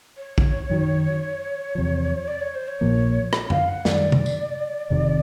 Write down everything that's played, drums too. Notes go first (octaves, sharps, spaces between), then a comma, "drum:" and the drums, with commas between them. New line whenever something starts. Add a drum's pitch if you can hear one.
C#5
drum: kick
F#2 D#3 F#3
E2 C3 F3
D5
C#5
C5
C#5
A#1 A#2 F3 A#3
drum: rim click
F5, drum: tom F#2
F#5
F#2 D#3 G3 D5, drum: snare
drum: tom C3
drum: tambourine
F1 F2 C3 D#3